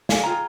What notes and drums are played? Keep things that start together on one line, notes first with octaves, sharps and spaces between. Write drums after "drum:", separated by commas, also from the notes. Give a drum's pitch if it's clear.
F5 G#5, drum: snare
F4 G#4 G5 A#5